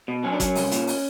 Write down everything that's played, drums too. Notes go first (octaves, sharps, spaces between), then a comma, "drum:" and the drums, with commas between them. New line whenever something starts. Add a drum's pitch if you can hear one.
B2
F#3 C#4
D4
F#3 C#4, drum: kick, hi-hat
C2, drum: open hi-hat
A#2, drum: hi-hat
drum: open hi-hat